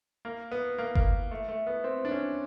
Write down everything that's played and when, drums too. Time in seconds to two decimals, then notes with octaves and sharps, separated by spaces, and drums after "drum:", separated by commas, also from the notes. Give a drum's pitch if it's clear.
0.25 A#3
0.51 B3
0.78 A#3
0.95 A#3, drum: kick F#1
1.31 A3
1.48 A3
1.67 B3
1.84 C4
2.05 D4
2.11 C#4